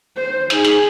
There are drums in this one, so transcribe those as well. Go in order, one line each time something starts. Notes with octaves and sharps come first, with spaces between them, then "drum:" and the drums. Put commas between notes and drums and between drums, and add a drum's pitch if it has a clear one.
C5
D#4 G#4, drum: hi-hat
drum: hi-hat